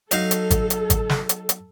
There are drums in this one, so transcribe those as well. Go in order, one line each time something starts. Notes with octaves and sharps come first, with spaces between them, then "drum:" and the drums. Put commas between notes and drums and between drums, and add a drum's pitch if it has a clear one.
F#3 D#4 A4 F5, drum: hi-hat
drum: hi-hat
drum: kick G#1, hi-hat
drum: hi-hat
drum: kick G#1, hi-hat
drum: snare
drum: hi-hat
drum: hi-hat